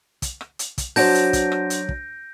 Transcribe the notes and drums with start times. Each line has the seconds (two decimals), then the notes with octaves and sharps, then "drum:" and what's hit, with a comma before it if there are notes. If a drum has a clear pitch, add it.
0.22 drum: kick, hi-hat
0.41 drum: rim click
0.59 drum: hi-hat
0.78 drum: kick, hi-hat
0.96 F#3 D4 F#4 C5 A5 G6 A#6 D7, drum: open hi-hat
1.15 drum: hi-hat
1.33 drum: kick, hi-hat
1.52 drum: rim click
1.70 drum: hi-hat
1.89 drum: kick